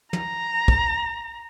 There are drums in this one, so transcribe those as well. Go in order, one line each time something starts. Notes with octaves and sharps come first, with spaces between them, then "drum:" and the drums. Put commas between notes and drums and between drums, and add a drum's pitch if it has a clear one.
A#5, drum: tom
drum: kick